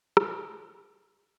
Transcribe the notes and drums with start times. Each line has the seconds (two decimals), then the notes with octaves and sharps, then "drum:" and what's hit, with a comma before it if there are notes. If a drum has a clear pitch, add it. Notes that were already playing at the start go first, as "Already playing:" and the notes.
0.17 D2 G#2 D3 F#3 G4 G#4, drum: rim click